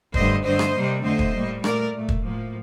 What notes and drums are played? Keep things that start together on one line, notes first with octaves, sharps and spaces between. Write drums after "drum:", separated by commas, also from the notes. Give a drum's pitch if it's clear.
G2 D3 A3 C5 D#5, drum: kick
G2 D3 A3 C5 D#5
drum: rim click
C3 G3 A#3
F2 D3 A3 C5 D#5
drum: kick
A2 G3 A#3
A#2 A3 A#4 D5, drum: rim click
A#2 A3
drum: kick
A2 F3 A#3